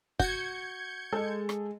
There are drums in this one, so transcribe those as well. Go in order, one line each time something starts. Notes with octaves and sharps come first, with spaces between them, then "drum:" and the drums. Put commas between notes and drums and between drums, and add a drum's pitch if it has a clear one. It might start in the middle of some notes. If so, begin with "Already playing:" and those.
F#4 G6 G#6 C#7, drum: kick
G#3 A4
drum: rim click